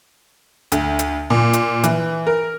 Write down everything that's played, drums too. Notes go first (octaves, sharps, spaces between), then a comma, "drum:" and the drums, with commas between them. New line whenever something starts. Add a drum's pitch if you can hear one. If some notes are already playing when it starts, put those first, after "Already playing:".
D2, drum: hi-hat
drum: hi-hat
A#2
drum: hi-hat
E3, drum: hi-hat
A#4